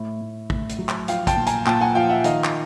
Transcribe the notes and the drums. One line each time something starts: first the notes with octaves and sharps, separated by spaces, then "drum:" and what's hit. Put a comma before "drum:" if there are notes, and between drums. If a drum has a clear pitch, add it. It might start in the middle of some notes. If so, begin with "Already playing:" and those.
Already playing: A2
A2
A2, drum: kick
drum: hi-hat
F#3
drum: clap
F3 F5 G5, drum: hi-hat
G5 A5, drum: kick, hi-hat
A#2
G#5 A#5, drum: hi-hat
A#2 G5 A5, drum: clap
F#5 G#5
F3 F5 G5
E5 F#5
D#3 D#5 F5, drum: hi-hat
drum: clap